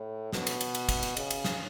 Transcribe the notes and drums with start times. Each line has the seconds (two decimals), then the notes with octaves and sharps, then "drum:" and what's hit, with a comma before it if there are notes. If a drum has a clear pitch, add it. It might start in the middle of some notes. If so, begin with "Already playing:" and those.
Already playing: A2
0.33 B2, drum: snare
0.47 drum: cymbal
0.61 drum: cymbal
0.75 drum: cymbal
0.89 drum: kick, cymbal
1.03 drum: cymbal
1.17 C#3, drum: cymbal
1.31 drum: cymbal
1.45 drum: snare